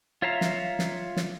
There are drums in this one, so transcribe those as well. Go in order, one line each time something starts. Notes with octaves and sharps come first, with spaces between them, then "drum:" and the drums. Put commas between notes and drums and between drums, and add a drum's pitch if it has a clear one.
F4 C#5 E5 F5 A#5
drum: snare
drum: snare
drum: snare